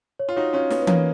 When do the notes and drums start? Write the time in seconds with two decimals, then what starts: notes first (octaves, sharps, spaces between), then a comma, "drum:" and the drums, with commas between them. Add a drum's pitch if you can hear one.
0.19 C#5
0.29 F4
0.36 D#4 F#4 C#5
0.53 C#4 F4 C#5
0.70 B3 D#4 C#5, drum: snare
0.81 B3
0.87 A#3 C#4 C#5, drum: tom E3